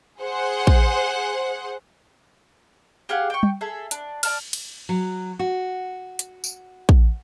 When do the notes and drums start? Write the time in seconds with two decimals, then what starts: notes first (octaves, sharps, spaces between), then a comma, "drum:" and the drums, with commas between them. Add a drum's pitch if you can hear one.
0.20 G#4 C5 F#5
0.67 drum: kick A#1
3.09 G4 G#4 F5 F#5
3.30 G5 C#6
3.43 drum: tom G3
3.61 G#4 A4 E5
3.91 D4, drum: hi-hat
4.23 D5 A5 F6, drum: cymbal
4.53 drum: cymbal
4.89 F#3
5.39 F#4
6.19 drum: hi-hat
6.44 drum: tambourine
6.89 drum: kick A#1